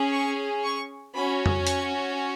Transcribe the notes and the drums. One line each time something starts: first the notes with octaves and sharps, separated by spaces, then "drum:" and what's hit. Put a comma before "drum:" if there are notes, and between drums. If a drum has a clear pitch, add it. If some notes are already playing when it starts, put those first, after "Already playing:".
Already playing: C#4 G#4
C#6
C#6
C#4 F#4 B5
drum: tom F2
C#6, drum: hi-hat